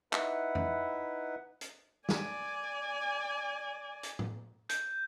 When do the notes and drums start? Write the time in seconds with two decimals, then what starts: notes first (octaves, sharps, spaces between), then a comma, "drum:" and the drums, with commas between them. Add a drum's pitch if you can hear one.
0.13 D#4 E4 B4 E5 F#5, drum: clap
0.55 drum: tom F2
1.61 drum: hi-hat
2.09 D5 G#5, drum: snare
4.03 drum: hi-hat
4.19 drum: tom A2
4.69 G6, drum: hi-hat